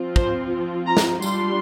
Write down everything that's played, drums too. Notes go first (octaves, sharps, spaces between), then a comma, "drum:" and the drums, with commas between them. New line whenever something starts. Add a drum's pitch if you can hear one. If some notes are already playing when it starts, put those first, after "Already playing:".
Already playing: F3 C4 F4
C5, drum: kick
A#5
drum: snare
G3 D4 F4 C6, drum: tambourine